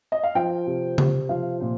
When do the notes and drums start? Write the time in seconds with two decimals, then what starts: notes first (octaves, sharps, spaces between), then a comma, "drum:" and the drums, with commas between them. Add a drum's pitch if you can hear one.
0.12 D#5
0.23 F5
0.35 F3 G5
0.67 C3
0.98 C3, drum: tom C#3
1.29 F3 F5
1.60 A#2 C5